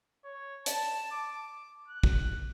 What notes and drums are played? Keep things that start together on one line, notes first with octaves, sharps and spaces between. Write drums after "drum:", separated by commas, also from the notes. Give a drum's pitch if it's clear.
C#5
A5, drum: hi-hat
D6
F#6
drum: kick